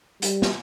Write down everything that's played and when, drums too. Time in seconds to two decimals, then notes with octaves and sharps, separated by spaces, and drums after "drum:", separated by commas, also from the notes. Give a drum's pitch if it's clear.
0.22 G3, drum: hi-hat
0.42 drum: snare